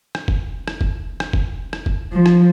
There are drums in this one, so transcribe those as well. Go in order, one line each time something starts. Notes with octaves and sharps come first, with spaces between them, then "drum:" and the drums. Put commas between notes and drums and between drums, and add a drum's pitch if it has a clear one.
drum: rim click
drum: kick
drum: rim click
drum: kick
drum: rim click
drum: kick
drum: rim click
drum: kick
F3
drum: rim click